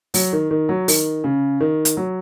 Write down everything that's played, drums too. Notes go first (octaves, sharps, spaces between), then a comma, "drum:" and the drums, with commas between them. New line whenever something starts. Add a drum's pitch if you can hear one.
F#3, drum: open hi-hat
D#3
D#3
F#3
D#3, drum: open hi-hat
C#3
D#3
drum: hi-hat
F#3